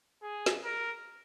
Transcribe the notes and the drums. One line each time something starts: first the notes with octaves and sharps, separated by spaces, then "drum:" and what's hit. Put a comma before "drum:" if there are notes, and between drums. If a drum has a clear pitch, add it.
G#4
drum: snare
A#4